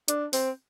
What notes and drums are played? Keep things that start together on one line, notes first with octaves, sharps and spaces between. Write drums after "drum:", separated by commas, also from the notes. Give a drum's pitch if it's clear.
D4, drum: hi-hat
C4, drum: open hi-hat